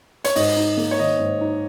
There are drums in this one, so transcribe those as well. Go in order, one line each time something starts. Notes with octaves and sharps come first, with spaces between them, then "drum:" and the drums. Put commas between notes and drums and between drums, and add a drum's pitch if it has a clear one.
C#5, drum: hi-hat
G#2 D#5, drum: open hi-hat
D#4
A#3
C#5
D#3 D#5
G#2
D#4